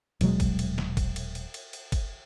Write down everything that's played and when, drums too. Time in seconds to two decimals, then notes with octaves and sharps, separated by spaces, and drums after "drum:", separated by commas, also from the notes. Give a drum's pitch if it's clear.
0.21 D#1 B2 F#3 G#3, drum: cymbal
0.40 drum: kick G1, cymbal
0.59 drum: cymbal
0.78 drum: snare
0.97 drum: kick G1, cymbal
1.16 drum: cymbal
1.35 drum: cymbal
1.54 drum: cymbal
1.73 drum: cymbal
1.92 drum: kick G1, cymbal